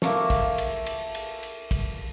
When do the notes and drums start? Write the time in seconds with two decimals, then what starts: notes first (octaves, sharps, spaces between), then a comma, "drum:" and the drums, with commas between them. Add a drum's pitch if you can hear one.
0.02 A3 A#3 E5, drum: snare
0.30 drum: kick, cymbal
0.58 drum: cymbal
0.86 drum: cymbal
1.15 drum: cymbal
1.43 drum: cymbal
1.71 drum: kick, cymbal